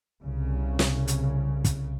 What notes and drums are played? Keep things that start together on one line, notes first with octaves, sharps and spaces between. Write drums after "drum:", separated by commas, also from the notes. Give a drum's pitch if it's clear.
C2 C#3
drum: snare
drum: hi-hat
drum: kick, hi-hat